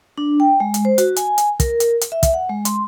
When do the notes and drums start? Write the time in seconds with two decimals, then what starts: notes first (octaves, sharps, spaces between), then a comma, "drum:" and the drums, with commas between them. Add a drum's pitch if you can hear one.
0.18 D4
0.40 G5
0.60 G#3
0.74 drum: hi-hat
0.85 C5
0.98 F#4, drum: hi-hat
1.16 G#5, drum: hi-hat
1.38 drum: hi-hat
1.60 A#4, drum: kick, hi-hat
1.80 drum: hi-hat
2.01 drum: hi-hat
2.12 E5
2.23 drum: kick, hi-hat
2.34 F#5
2.50 G#3
2.65 C6, drum: hi-hat